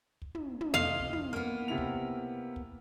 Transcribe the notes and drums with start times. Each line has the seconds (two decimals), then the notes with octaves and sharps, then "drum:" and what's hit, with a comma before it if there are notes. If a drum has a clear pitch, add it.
0.22 drum: kick
0.35 drum: tom
0.61 drum: tom
0.74 F2 C3 D#5 F5
1.00 drum: kick
1.13 drum: tom
1.33 A#3 B3 F6
1.68 C3 E4 F7
1.78 drum: kick
2.56 drum: kick